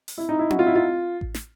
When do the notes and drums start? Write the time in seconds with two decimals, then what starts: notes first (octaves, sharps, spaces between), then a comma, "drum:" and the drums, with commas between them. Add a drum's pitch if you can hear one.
0.08 drum: open hi-hat
0.18 E4
0.29 D#4
0.39 E4
0.50 F#4, drum: tom C#4
0.59 F4
0.67 E4
0.76 F4
1.21 drum: kick A1
1.34 drum: snare